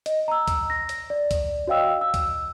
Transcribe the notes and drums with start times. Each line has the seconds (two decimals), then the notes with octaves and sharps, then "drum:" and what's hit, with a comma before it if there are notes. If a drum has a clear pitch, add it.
0.06 D#5, drum: hi-hat
0.28 A#5 E6
0.48 drum: kick C#2, hi-hat
0.70 A#6
0.89 drum: hi-hat
1.10 D5
1.31 drum: kick C#2, hi-hat
1.67 F#4 C#5 D#5 F5 G5 E6
2.01 E6
2.14 drum: kick C#2, hi-hat